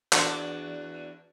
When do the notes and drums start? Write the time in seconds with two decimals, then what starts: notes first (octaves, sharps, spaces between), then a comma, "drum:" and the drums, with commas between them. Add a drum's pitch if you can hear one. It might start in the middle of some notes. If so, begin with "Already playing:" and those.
0.13 E2 D4 F#4, drum: clap